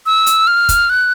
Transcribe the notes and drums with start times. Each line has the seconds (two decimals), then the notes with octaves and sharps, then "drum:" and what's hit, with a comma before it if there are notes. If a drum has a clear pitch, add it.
0.06 E6
0.26 drum: hi-hat
0.47 F6
0.69 drum: kick, hi-hat
0.90 F#6